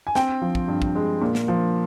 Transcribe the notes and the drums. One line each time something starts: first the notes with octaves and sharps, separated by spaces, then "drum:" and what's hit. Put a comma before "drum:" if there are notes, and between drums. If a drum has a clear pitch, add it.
G#5
C4 G5, drum: snare
F3
drum: kick
G2
drum: kick
G#3
A#2
drum: snare
F3